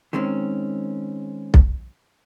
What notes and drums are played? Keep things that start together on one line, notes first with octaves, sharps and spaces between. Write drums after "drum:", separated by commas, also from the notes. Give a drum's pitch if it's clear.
D#3 G#3 C4 C#4
drum: kick B1